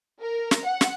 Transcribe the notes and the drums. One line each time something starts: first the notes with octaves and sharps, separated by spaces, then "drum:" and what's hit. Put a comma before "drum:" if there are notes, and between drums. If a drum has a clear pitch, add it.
A#4
drum: snare
F#5
drum: snare